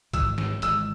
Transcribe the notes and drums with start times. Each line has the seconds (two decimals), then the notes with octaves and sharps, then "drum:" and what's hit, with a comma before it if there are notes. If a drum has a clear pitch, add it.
0.13 G#1 G#2 E3 G#3 E6, drum: kick, hi-hat
0.38 drum: snare
0.62 G#1 G#2 E3 G#3 E6, drum: hi-hat